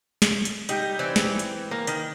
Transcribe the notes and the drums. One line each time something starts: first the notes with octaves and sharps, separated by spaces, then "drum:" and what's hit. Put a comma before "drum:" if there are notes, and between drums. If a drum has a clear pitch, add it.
drum: snare
drum: hi-hat
G3 D#4 G4, drum: hi-hat
E3 C4 D5
drum: snare
drum: hi-hat
A#3
D#3, drum: hi-hat